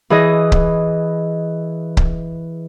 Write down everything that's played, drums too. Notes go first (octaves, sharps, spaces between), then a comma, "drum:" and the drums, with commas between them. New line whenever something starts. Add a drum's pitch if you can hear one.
E3 G#4 D#5
drum: kick C#1
drum: kick C#1